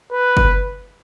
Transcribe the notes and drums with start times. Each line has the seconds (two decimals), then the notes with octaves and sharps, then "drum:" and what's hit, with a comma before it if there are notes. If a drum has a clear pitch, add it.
0.12 B4
0.37 drum: kick F#1